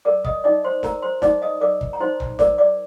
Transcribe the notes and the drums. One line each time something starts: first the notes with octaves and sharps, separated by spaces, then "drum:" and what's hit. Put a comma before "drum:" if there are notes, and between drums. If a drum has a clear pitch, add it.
A#4 D5 D6
D#5 D#6, drum: kick
D#4 D5 D6
C5 C6
A#4 A#5, drum: snare
C5 C6
D#4 D5 D6, drum: snare
D#5 D#6
A#4 D5 D6
drum: kick
A#5
D#4 C5 C6
drum: tom B1
A#4 D5 D6, drum: snare
D5 D6